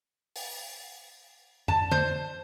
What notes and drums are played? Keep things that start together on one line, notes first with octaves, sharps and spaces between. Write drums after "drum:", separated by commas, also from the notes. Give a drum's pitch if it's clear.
drum: open hi-hat
A5, drum: tom F2
C5, drum: tom D3